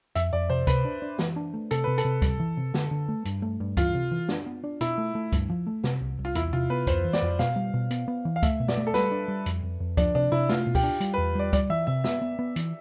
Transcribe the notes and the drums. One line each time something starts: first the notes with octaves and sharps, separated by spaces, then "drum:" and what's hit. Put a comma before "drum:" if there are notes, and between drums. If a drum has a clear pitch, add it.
F2 E5, drum: hi-hat
F2 D5
C3 C5
C3 B4, drum: kick C#2, hi-hat
D4
D4
E3, drum: snare
D4
A3
C3 A4, drum: hi-hat
C3 B4
A4, drum: hi-hat
C3
G3, drum: kick C#2, hi-hat
E3
C3
D3, drum: snare
D3
A3
G2, drum: hi-hat
A3
G2
E3 F4, drum: kick C#2, hi-hat
C3
E3
D4, drum: snare
B3
D4
B2 E4, drum: hi-hat
A3
A3
G2, drum: kick C#2, hi-hat
F3
A3
C3, drum: snare
C2
C2
F4
E2 E4, drum: hi-hat
C3 F4
B3 B4
F2 C5, drum: kick C#2, hi-hat
E3
D5, drum: snare
F2
B2 F5, drum: snare
G3
B2
B3, drum: hi-hat
B3
E3
F5
A3 E5, drum: kick C#2, hi-hat
B2
D5, drum: snare
A3
A4
G3 B4, drum: snare
D4
G3
F2, drum: hi-hat
F2
F2
F3 D4, drum: kick C#2, hi-hat
C3 D4
C3 E4
A3 F4, drum: snare
B2
G4, drum: kick C#2, open hi-hat
D4
G3, drum: hi-hat
B4
E2
G3 D5
G3 D5, drum: kick C#2, hi-hat
E3 E5
C3 E5
B3 E5, drum: snare
B3
B3
E3, drum: hi-hat